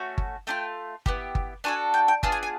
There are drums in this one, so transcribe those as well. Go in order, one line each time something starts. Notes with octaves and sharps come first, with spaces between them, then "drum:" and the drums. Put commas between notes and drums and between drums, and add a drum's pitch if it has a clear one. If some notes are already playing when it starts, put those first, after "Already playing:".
Already playing: A3 C#4 F#4
drum: kick G1
A3 D4 F4 G5
B3 E4 G4, drum: kick G1
drum: kick G1
D4 F#4 A4 G#5
G5
G5
B3 D4 F4 G#4 A5, drum: kick G1
G#5
G#5